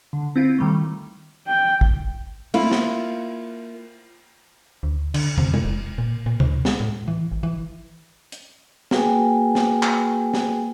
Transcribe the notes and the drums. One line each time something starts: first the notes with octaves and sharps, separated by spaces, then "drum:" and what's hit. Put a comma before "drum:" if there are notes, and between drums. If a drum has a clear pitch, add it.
D3
C4 E4 F4
D#3 G3 A3
G5
drum: kick
A#3 E4 F4, drum: cymbal
drum: snare
D2
D3, drum: cymbal
C3, drum: tom
drum: tom G#3
E1
A#2
A#2
D2, drum: tom C3
G#3, drum: snare
A2
E3
G#1
E3
drum: hi-hat
A#3 F#4 G#4 B4 G5 G#5, drum: snare
drum: snare
drum: clap
drum: snare